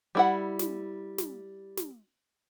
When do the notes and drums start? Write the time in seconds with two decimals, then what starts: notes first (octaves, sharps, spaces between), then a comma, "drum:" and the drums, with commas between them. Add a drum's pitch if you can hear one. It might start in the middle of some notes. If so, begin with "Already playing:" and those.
0.15 G3 E4 F#5
0.59 drum: snare
1.18 drum: snare
1.77 drum: snare